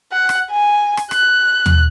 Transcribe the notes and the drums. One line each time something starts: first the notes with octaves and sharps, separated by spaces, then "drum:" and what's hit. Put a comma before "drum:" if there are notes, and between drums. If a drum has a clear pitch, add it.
F#5
drum: rim click
G#5
drum: rim click
F#6, drum: rim click
drum: tom D#2